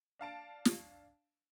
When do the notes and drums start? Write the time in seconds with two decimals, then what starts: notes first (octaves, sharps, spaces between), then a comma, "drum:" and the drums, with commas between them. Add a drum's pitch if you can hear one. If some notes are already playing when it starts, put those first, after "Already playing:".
0.19 D4 F5 A5 D7
0.65 drum: snare